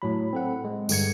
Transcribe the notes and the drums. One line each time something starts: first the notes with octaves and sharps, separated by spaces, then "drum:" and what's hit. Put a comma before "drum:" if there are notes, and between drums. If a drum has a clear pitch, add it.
A2 F#3 B5
C4 A4 F#5
G#3
G2 D3 G#6 C#7, drum: tambourine